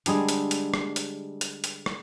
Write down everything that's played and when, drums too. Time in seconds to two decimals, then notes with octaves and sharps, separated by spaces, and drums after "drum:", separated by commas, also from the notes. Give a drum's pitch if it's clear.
0.06 D3 G3 G#3, drum: hi-hat
0.29 drum: hi-hat
0.51 drum: hi-hat
0.74 drum: rim click
0.96 drum: hi-hat
1.41 drum: hi-hat
1.64 drum: hi-hat
1.86 drum: rim click